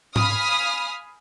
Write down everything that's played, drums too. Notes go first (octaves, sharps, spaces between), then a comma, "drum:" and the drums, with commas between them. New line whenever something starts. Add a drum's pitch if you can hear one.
F5 G#5 B5 D#6 F6, drum: tom G#2